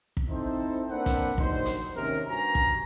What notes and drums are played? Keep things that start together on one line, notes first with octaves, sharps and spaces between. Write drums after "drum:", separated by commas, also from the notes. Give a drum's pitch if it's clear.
drum: kick
C4 D#4 E4 A4 C5
A#3 C4 D4 B4 F#5
drum: kick, hi-hat
A#1 F#3 D#4 C5, drum: kick
drum: hi-hat
D#2 C3 C#4 A#4
G2 F#4 G#5 A#5
drum: kick